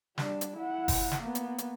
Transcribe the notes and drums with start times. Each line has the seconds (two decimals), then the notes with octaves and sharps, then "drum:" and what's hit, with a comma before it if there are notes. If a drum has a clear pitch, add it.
0.18 G3 D4, drum: snare
0.41 drum: hi-hat
0.57 E4 F#5
0.88 drum: kick F#1, open hi-hat
1.11 drum: snare
1.23 A#3 B3
1.35 drum: hi-hat
1.58 drum: hi-hat